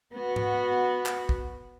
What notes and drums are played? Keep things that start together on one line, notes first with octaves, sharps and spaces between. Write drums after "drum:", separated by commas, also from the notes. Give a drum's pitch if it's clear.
B3 F#4
drum: tom G#2
drum: clap
drum: kick